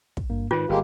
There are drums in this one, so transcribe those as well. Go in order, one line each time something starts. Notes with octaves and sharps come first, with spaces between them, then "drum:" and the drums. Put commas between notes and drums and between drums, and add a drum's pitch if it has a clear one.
drum: kick
G2 A#3
G#2 D#3 F4 B4
G1 G#3 A#3 G4 A#4